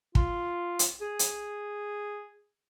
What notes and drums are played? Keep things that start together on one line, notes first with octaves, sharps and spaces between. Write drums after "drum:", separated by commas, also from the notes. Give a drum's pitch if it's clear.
F4, drum: kick
drum: hi-hat
G#4
drum: hi-hat